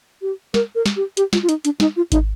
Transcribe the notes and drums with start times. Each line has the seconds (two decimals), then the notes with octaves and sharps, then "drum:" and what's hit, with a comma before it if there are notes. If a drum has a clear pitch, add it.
0.22 G4
0.54 A#4, drum: snare
0.75 A#4
0.86 drum: snare
0.96 G4
1.17 G4, drum: hi-hat
1.33 F4, drum: snare
1.43 F4
1.49 D#4, drum: hi-hat
1.65 D4, drum: hi-hat
1.80 D#4, drum: snare
1.97 F4
2.12 D#4, drum: kick G#1, hi-hat